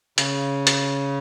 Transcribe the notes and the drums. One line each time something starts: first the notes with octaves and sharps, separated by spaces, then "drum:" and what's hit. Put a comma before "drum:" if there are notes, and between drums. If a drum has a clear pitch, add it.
C#3, drum: hi-hat
drum: hi-hat